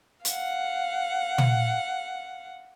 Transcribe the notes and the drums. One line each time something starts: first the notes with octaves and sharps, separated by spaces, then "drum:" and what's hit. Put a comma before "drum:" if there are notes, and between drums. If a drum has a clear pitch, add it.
F5 F#5, drum: hi-hat
drum: tom